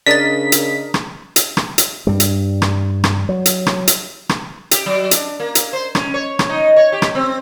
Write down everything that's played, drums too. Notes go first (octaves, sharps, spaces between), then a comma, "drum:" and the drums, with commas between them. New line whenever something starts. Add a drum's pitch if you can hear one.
C#3 D4 A#4 D5 D#5 A6 B6
drum: hi-hat
drum: rim click
drum: hi-hat
drum: rim click
drum: hi-hat
G2 G3
drum: hi-hat
drum: rim click
drum: rim click
F#3
drum: hi-hat
drum: rim click
drum: hi-hat
drum: rim click
G4, drum: hi-hat
F#3
D4, drum: hi-hat
A#3
drum: hi-hat
C5
C#4, drum: rim click
C#5
drum: rim click
D#4
C#5
G4
drum: rim click
C4